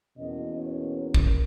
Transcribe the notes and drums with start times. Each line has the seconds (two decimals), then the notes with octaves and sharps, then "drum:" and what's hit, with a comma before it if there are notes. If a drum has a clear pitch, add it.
0.17 E2 B2 A#3 C#4 D#5
0.56 C#5
0.93 A#4
1.14 drum: kick